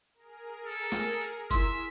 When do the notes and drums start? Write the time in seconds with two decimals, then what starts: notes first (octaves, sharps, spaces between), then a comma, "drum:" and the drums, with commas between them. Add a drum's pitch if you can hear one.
0.14 G#4 A#4
0.66 A4
0.92 drum: snare A3
1.21 drum: hi-hat
1.51 E4 E5 C6, drum: kick G1, hi-hat